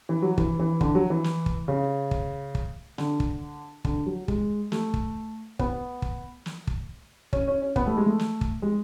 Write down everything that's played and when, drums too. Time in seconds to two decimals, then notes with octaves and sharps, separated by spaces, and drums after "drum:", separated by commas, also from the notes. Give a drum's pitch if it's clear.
0.09 E3
0.22 F#3
0.38 E3, drum: kick
0.59 E3
0.81 D3, drum: kick
0.95 F#3
1.10 E3
1.24 drum: snare
1.46 drum: kick
1.68 C#3
2.11 drum: kick
2.55 drum: kick
2.98 D3, drum: snare
3.20 drum: kick
3.85 D3, drum: kick
4.06 F#3
4.28 G#3, drum: kick
4.72 A3, drum: snare
4.94 drum: kick
5.59 B3, drum: kick
6.02 drum: kick
6.46 drum: snare
6.67 drum: kick
7.33 C#4, drum: kick
7.48 C#4
7.62 C#4
7.76 B3, drum: kick
7.87 A3
7.97 G#3
8.06 A3
8.19 drum: snare
8.41 drum: kick
8.62 G#3